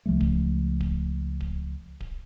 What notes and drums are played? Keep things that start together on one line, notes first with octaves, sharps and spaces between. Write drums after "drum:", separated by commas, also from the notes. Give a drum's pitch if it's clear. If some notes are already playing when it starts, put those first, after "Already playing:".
C#2 F3 G3 A3
drum: kick D1
drum: kick D1
drum: kick D1
drum: kick D1